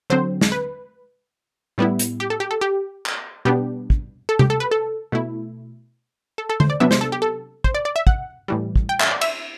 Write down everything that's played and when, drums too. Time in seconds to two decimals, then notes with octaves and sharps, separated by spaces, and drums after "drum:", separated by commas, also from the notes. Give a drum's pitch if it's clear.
0.10 D3 F#3 C4 C5
0.41 drum: snare
0.52 B4
1.78 A2 G3 B3 E4
1.99 drum: hi-hat
2.20 G4
2.30 A4
2.40 G4
2.51 A4
2.61 G4
3.06 drum: clap
3.45 B2 G3 B3 D4 G4
3.90 drum: kick
4.29 A4
4.39 G4, drum: tom C3
4.50 A4
4.60 B4
4.71 A4
5.12 B2 A3 E4
6.38 A4
6.50 A4
6.60 C5, drum: tom
6.70 D5
6.80 C3 F#3 B3 D4 E5
6.91 C5, drum: snare
7.01 A4
7.12 G4
7.22 A4
7.64 C5, drum: kick
7.75 D5
7.85 D5
7.96 E5
8.07 F#5, drum: kick
8.48 A2 E3 G3
8.76 drum: kick
8.89 G5
9.00 E5, drum: clap
9.11 D5
9.21 E5, drum: cymbal